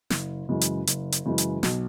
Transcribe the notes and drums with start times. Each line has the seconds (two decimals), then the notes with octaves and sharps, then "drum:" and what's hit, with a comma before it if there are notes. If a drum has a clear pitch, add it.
0.10 F#1, drum: snare
0.49 F#2 C#3 E3 G#3
0.61 drum: hi-hat
0.87 F#1, drum: hi-hat
1.12 drum: hi-hat
1.25 F#2 C#3 E3 G#3
1.38 drum: hi-hat
1.63 B1, drum: snare